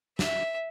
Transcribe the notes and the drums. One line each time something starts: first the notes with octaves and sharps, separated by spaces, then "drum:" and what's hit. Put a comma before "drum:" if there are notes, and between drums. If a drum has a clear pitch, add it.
E5, drum: snare